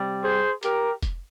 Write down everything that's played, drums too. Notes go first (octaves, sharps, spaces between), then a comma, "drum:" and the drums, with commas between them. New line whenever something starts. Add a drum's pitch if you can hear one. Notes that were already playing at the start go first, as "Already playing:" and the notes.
Already playing: C3 G3
G#4 C5
G4 A#4, drum: hi-hat
drum: kick, hi-hat